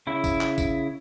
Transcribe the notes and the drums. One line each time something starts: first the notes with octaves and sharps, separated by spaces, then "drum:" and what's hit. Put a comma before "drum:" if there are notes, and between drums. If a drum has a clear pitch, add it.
C#3 E4
drum: kick A1, tambourine
drum: clap
drum: kick A1, tambourine